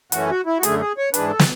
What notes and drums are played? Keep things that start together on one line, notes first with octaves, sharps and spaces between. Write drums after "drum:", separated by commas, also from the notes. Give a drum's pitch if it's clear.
F#2 E3 A3 C#4 F#4, drum: hi-hat
F#4
E4
F#4
F#2 D3 A3 G#4, drum: hi-hat
G#4
C#5
G#2 E3 G#3 D4 B4, drum: hi-hat
A4
drum: snare